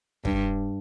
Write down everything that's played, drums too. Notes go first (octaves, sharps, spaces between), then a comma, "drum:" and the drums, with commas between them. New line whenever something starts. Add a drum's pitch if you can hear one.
G2, drum: kick